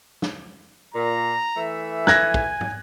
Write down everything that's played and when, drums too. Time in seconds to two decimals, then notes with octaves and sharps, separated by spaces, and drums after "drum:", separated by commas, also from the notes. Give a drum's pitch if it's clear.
0.22 drum: snare
0.94 A#2 A#5
1.56 E3 A3 E5
2.07 G#5 F#6 G#6 A#6, drum: snare
2.34 drum: kick
2.61 drum: tom